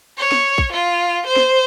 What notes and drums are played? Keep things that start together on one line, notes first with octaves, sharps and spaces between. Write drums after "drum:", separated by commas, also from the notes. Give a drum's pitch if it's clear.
C#5
drum: snare
drum: kick
F4
C5
drum: snare